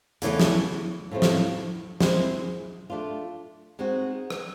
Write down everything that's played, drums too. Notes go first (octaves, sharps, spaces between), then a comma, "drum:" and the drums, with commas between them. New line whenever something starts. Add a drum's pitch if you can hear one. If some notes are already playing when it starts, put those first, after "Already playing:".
E2 C#3 E3 A3, drum: hi-hat
drum: snare
A2 F3 A3 C4
drum: snare
G#3 C4 E4, drum: snare
A3 D4 F4
G#3 C4 D#4 F#4
drum: rim click